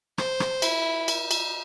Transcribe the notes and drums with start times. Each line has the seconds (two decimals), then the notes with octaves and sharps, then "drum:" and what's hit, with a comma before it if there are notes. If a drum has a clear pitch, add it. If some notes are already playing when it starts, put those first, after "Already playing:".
0.18 C5, drum: rim click
0.40 drum: rim click
0.62 E4, drum: cymbal
1.08 drum: cymbal
1.31 drum: cymbal